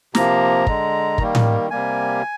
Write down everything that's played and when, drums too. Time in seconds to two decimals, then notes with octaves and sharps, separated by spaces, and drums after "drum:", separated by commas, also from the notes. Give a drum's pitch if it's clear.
0.15 C3 F3 A#3 A#5, drum: snare
0.67 D3 G#3, drum: kick
1.18 D#3 G3 A#3, drum: kick
1.35 drum: tom A2
1.71 C3 G3 A#3 G#5